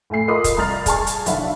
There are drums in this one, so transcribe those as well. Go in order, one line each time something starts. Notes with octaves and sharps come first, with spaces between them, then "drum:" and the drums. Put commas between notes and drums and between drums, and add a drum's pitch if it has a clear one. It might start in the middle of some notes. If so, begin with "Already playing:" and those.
A2 A3 G#5 C7
F4 A#4 D#5 B5 C6 D#6
drum: kick, hi-hat
C2 A#5 B5 F6 A6 F7
G#4 G#5 A5 C#6, drum: kick, hi-hat
drum: hi-hat
B1 D3 E4 F5 F#5 B5, drum: hi-hat